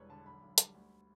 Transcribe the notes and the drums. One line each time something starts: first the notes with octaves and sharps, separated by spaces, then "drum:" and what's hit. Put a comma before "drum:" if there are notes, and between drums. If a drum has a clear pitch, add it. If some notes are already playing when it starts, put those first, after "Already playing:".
Already playing: E1 E3 G3 B4 C#5
D3 A5
B1 B5
B1
G3, drum: hi-hat
D2